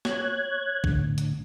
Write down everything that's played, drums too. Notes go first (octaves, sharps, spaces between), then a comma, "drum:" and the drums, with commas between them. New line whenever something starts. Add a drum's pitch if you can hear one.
C#5 F#6 G#6, drum: snare
A2 D3, drum: kick
drum: hi-hat